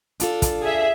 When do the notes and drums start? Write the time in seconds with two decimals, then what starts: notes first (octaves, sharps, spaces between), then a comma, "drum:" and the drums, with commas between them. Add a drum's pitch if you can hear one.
0.20 D4 F4 A4, drum: hi-hat
0.42 drum: kick, hi-hat
0.62 G#4 E5